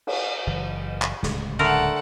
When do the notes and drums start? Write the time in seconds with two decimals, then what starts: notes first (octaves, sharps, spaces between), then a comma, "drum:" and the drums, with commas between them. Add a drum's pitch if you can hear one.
0.07 drum: cymbal
0.47 F#1 E3
1.02 drum: clap
1.23 D1 C#2, drum: snare
1.59 D3 A3 A4 A#4 F#5